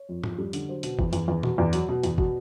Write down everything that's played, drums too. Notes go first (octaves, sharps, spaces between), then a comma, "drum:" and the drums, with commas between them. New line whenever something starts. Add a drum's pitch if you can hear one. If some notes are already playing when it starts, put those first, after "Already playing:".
Already playing: C#5
F2
F2, drum: tom G#2
G3
D3, drum: hi-hat
F#3 C5
B2, drum: hi-hat
E2, drum: kick
E2, drum: hi-hat
E2
B2, drum: tom A#2
E2 D5
F#3, drum: hi-hat
B2
E2, drum: hi-hat
B2, drum: kick